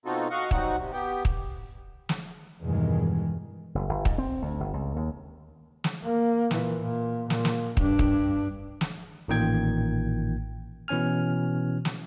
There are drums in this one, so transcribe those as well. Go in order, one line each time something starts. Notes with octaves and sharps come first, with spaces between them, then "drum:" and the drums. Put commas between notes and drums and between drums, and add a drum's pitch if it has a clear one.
B2 C4 D#4 F4 F#4 A4
F#4 D#5 F5 F#5 C#6 F6
F#3 G3 C4 D#4 F#4 F#5, drum: kick
C3
B3 G4
drum: kick
drum: snare
E2 G2 B2 D#3 E3 G#3
F#1
G1
G#2, drum: kick
C4
D2
G1
C#2
D#2
drum: snare
A#3
A#2 E3, drum: snare
A#2
A#2, drum: snare
drum: snare
G2 D4, drum: kick
drum: kick
drum: snare
A1 A#2 D#3 G5 G#6
B2 E3 C#4 G#5 F6
drum: snare